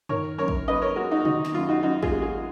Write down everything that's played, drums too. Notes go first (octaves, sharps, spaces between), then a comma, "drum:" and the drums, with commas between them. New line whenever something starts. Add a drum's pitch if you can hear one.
D#3 A#4 C#5, drum: tom F#2
F#2 A#4 C#5
drum: kick
F#2 B4 D#5
A#4 C#5
G#3 F#4 A#4
D#4 F#4
D#3 D#4 F#4, drum: tom B2
drum: snare
F#2 F4
D#4 F#4
F#2 D#4 F#4
F4 G#4, drum: kick
G#3
F4 G#4